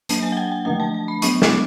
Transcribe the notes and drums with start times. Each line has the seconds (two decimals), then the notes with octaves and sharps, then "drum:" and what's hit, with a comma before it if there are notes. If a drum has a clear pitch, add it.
0.09 F#3 A#3 D4 A5, drum: hi-hat
0.23 G#5
0.32 F#5
0.37 G5
0.52 G#5
0.65 D3 F3 A3 D4 G5
0.80 A5
0.94 A5
1.08 B5
1.22 F#3 B3 D4 C#6, drum: hi-hat
1.42 D6, drum: snare